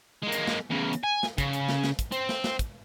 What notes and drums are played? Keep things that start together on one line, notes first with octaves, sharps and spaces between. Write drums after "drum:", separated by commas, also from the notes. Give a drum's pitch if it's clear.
G#3 A#3
drum: hi-hat
drum: snare
E2 C#3
drum: hi-hat
G#5
drum: snare
C#3, drum: kick, hi-hat
drum: hi-hat
drum: snare
drum: snare
drum: kick, hi-hat
C4, drum: hi-hat
drum: snare
drum: snare
drum: kick, hi-hat